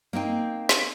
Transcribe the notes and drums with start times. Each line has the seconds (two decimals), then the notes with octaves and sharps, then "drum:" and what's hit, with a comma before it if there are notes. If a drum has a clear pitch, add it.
0.13 A#3 C4 D#4 G5
0.69 drum: snare